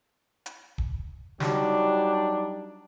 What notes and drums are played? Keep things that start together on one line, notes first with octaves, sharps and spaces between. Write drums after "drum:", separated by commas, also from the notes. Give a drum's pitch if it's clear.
drum: hi-hat
drum: kick
F#3 G3 D4 D#4 G4, drum: snare